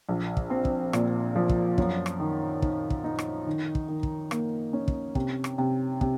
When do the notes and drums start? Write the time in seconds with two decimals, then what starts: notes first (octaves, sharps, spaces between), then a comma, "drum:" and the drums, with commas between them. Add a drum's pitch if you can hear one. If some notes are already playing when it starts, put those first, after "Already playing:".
0.09 A#1
0.37 drum: kick
0.50 C4
0.65 drum: kick
0.93 A#2, drum: rim click
1.36 F3
1.49 drum: kick
1.78 F#2, drum: kick
2.06 drum: rim click
2.20 D#3
2.62 D#4, drum: kick
2.90 drum: kick
3.04 D#4
3.19 drum: rim click
3.47 D#3
3.75 drum: kick
3.88 D#3
4.03 drum: kick
4.31 A#3, drum: rim click
4.73 C#4
4.88 drum: kick
5.15 C3, drum: kick
5.44 drum: rim click
5.58 C3
6.01 C3, drum: kick